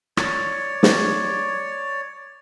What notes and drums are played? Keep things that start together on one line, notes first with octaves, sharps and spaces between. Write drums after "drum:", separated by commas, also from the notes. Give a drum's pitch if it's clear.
C#5 D5, drum: rim click
drum: snare